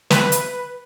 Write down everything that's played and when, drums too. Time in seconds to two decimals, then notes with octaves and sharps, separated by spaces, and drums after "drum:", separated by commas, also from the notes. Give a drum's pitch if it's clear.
0.10 B4, drum: snare
0.32 drum: hi-hat